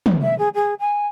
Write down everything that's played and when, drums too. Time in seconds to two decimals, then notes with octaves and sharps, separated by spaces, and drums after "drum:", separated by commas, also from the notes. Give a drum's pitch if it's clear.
0.06 drum: tom
0.22 E5
0.38 G#4
0.55 G#4
0.80 G#5